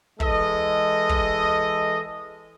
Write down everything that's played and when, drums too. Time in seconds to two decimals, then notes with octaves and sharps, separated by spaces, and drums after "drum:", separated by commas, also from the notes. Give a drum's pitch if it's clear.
0.20 E3 G#3 A4 D#5, drum: kick
1.09 drum: kick